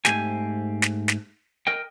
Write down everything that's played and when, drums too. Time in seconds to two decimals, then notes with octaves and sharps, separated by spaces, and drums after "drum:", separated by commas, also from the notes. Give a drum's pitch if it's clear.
0.05 G#2 F#3 A3 C4 G4 G#5, drum: snare
0.82 drum: snare
1.08 drum: snare
1.67 A#4 D#5 G5